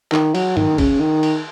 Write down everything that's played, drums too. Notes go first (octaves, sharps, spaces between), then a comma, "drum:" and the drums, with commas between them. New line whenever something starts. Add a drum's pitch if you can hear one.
D#3, drum: clap
F#3, drum: cymbal
D#3, drum: tom
C#3, drum: kick, cymbal
D#3
drum: cymbal